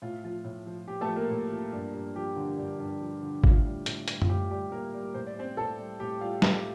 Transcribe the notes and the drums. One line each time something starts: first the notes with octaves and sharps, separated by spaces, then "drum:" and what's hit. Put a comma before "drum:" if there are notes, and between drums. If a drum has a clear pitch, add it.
A2 F4
F3 F4
A2
F3
A2 G4
A3 A4
F3
A#3 A#4
A2
F3
G2
G2
F3 G4
D3
G2
G2
F3
D3
A2 F4, drum: kick G1
G3
A2, drum: hi-hat
G3, drum: hi-hat
F4, drum: tom F#2
A2 G4
G3 G4
A2 A#3 A#4
G3
A2 C5
D5
G3 C4 C5
A2 A4 A5
G3
A2 G4 G5
G3 F4 F5
A2 A3 A4, drum: snare